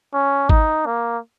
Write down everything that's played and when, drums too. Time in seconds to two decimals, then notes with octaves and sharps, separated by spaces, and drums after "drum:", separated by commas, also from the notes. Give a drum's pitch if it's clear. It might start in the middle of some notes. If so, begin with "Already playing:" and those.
0.14 C#4
0.49 D#4, drum: kick G#1
0.86 A#3